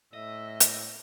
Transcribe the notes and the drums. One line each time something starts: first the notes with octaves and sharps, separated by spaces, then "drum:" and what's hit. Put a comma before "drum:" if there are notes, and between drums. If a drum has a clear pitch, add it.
A2 D#5 E5
drum: hi-hat